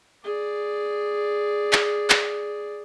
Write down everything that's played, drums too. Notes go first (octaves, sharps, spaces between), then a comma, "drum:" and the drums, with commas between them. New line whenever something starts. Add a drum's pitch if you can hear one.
G#4 D5
drum: clap
drum: clap